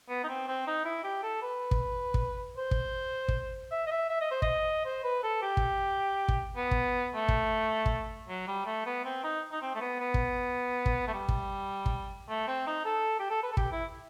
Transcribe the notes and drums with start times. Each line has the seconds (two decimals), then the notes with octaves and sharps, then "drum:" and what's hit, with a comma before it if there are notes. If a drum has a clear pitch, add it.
0.09 B3
0.24 D#4
0.28 C4
0.47 C4
0.67 D#4
0.85 E4
1.04 G4
1.23 A4
1.42 B4
1.71 drum: kick
2.14 drum: kick
2.58 C5
2.71 drum: kick
3.28 drum: kick
3.71 E5
3.87 D#5
3.91 E5
4.10 E5
4.21 D#5
4.31 C5
4.42 D#5, drum: kick
4.85 C5
5.04 B4
5.23 A4
5.42 G4
5.57 drum: kick
6.28 drum: kick
6.57 B3
6.71 drum: kick
7.15 A3
7.28 drum: kick
7.86 drum: kick
8.28 F#3
8.48 G3
8.66 A3
8.86 B3
9.05 C4
9.24 D#4
9.52 D#4
9.62 C4
9.75 A3
9.81 B3
10.00 B3
10.14 drum: kick
10.86 drum: kick
11.08 A3
11.14 G3
11.28 drum: kick
11.86 drum: kick
12.29 A3
12.48 C4
12.67 D#4
12.85 A4
13.19 G4
13.30 A4
13.43 B4
13.52 A4
13.57 G4, drum: kick
13.72 E4